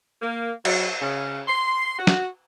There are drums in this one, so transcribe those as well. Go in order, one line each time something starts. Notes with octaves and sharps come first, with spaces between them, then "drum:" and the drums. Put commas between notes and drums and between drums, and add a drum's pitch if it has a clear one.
A#3
F#3, drum: cymbal
C#3
C6
F#4
drum: snare